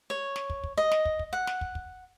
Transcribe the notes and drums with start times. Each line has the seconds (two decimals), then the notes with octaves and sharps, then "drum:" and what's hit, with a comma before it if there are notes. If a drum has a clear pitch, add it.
0.10 C#5
0.36 drum: snare
0.50 drum: kick
0.64 drum: kick
0.78 D#5
0.91 drum: snare
1.05 drum: kick
1.19 drum: kick
1.33 F#5
1.47 drum: snare
1.61 drum: kick
1.75 drum: kick